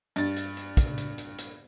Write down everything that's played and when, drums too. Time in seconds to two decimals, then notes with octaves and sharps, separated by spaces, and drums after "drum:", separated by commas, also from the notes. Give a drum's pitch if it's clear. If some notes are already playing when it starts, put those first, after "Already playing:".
0.16 G2 A6, drum: hi-hat
0.36 drum: hi-hat
0.57 drum: hi-hat
0.77 drum: kick, hi-hat
0.98 drum: hi-hat
1.18 drum: hi-hat
1.38 drum: hi-hat